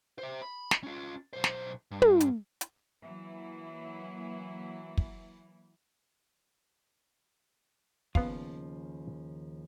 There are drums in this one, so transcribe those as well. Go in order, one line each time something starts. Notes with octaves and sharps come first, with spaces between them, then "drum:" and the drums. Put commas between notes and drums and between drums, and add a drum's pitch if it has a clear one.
C5 E5
B5
drum: snare
C#4 F4
B1 C5
drum: snare
G2
drum: tom
drum: hi-hat
drum: hi-hat
E3 F#3 A#3 E4
drum: kick
D#2 C#3 F3 B3 F5, drum: kick